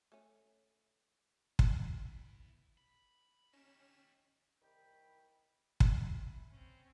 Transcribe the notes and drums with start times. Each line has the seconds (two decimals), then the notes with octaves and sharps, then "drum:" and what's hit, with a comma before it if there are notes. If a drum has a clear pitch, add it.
0.12 A3 C#4
1.59 drum: kick
1.85 B3 E4
2.78 B5
3.53 C#4 D#4 G4 E7
4.62 C2 D#3 G5 B5
5.80 drum: kick
5.95 E5 B5
6.51 C4 C#4